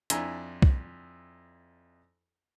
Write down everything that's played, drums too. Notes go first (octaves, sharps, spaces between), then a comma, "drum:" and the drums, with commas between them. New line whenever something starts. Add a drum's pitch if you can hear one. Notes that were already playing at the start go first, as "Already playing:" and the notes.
F2 D4 E4 G#5 A#5, drum: hi-hat
drum: kick